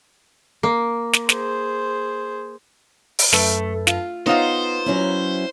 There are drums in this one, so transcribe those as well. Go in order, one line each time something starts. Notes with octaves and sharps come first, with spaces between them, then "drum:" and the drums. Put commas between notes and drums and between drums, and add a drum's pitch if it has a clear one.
A#3
drum: snare
G#4 C5, drum: snare
drum: open hi-hat
F#2 A3 B4 A5, drum: snare
F4, drum: snare
B3 D#4 F4 C5 C#5 D#5 F5 A#5
F#3 C#4 E4